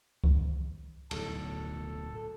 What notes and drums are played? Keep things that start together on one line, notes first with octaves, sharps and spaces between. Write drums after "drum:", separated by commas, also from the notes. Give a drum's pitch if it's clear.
drum: kick C2
D1 B1 A4, drum: cymbal